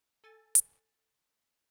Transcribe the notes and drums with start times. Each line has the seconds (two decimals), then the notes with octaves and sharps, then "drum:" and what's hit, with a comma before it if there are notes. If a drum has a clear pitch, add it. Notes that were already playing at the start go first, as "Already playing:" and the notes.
0.24 A4 G#5 A6
0.55 drum: hi-hat